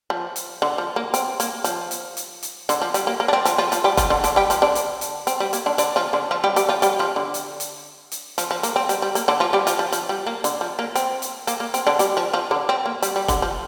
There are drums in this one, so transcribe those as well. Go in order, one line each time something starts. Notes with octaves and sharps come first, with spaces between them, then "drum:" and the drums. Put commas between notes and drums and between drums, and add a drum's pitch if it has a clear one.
F3
drum: hi-hat
D3
F3
A#3
C4, drum: hi-hat
A#3, drum: hi-hat
F3, drum: hi-hat
drum: hi-hat
drum: hi-hat
drum: hi-hat
D3, drum: hi-hat
F3
G3, drum: hi-hat
A#3
A#3
D4
C4
F3 F4, drum: hi-hat
F3 F4
F3 F4, drum: hi-hat
G3 G4
F3 F4, drum: kick F1, hi-hat
D3 D4
D3 D4, drum: hi-hat
G3 G4
F3 F4, drum: hi-hat
D3 D4
drum: hi-hat
drum: hi-hat
C4, drum: hi-hat
G3
A#3, drum: hi-hat
D3 D4
D3 D4, drum: hi-hat
F3 F4
D3 D4
F3 F4
G3 G4
G3 G4, drum: hi-hat
F3 F4
G3 G4, drum: hi-hat
F3 F4
D3
drum: hi-hat
drum: hi-hat
drum: hi-hat
F3, drum: hi-hat
F3
A#3, drum: hi-hat
C4
G3, drum: hi-hat
G3
A#3, drum: hi-hat
D3 D4
F3 F4
G3 G4
F3 F4, drum: hi-hat
F3
F3, drum: hi-hat
G3
A#3
D3, drum: hi-hat
F3
A#3
C4, drum: hi-hat
drum: hi-hat
A#3, drum: hi-hat
A#3
C4, drum: hi-hat
D3 D4
G3 G4, drum: hi-hat
F3 F4
F3 F4
D3 D4
C4
A#3
G3, drum: hi-hat
G3
D3, drum: kick F1, hi-hat
F3